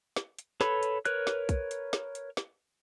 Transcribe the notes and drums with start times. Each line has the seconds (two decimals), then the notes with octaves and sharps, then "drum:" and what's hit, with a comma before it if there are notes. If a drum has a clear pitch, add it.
0.16 drum: snare
0.39 drum: hi-hat
0.61 A4 B4 C#5 B5, drum: snare
0.83 drum: hi-hat
1.05 A#4 B4 C#5 F#6, drum: hi-hat
1.27 drum: snare
1.49 drum: kick, hi-hat
1.71 drum: hi-hat
1.93 drum: snare
2.15 drum: hi-hat
2.37 drum: snare